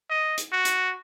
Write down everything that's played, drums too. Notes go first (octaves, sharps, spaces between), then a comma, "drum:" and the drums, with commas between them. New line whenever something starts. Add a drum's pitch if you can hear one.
D#5
drum: hi-hat
F#4
drum: hi-hat